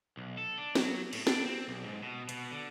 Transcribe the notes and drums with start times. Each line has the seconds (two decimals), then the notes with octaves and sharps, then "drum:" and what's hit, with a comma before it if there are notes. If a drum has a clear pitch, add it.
0.17 B1
0.38 A4
0.58 D4
0.75 F#3, drum: snare
1.13 A2, drum: cymbal
1.27 D4, drum: snare
1.45 C4
1.68 B1
1.86 G#2
2.02 B2
2.29 B2, drum: hi-hat
2.51 D3